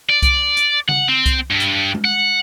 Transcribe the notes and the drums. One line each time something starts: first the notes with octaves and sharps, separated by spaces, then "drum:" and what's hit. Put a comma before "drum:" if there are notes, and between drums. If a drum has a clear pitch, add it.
D5
drum: kick C2, hi-hat
drum: hi-hat
F#5, drum: tom C#3
C4
drum: kick C2, hi-hat
G2
drum: hi-hat
drum: tom G#3
F#5